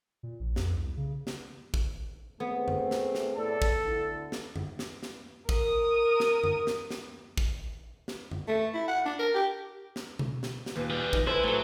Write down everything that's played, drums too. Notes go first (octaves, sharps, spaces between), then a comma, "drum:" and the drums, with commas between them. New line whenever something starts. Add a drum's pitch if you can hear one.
A#2
A#1
F2, drum: snare
C2
C#3
drum: snare
drum: kick
A3 B3 C4 G#4
drum: tom F#2
drum: snare
drum: snare
A2 A4 D5
drum: kick
D2 D3 E4
drum: snare
drum: tom F#2
drum: snare
drum: snare
A#4 D#6, drum: kick
drum: snare
drum: tom F#2
drum: snare
drum: snare
drum: kick
drum: snare
drum: tom F#2
A3
E4
F#5
D4
A#4
G4
drum: snare
drum: tom B2
drum: snare
drum: snare
D#2 A#2 B4
G3 G#4
F2 D#4, drum: kick
C#2 E4 A4 C5 G#5
A2 F#3 A4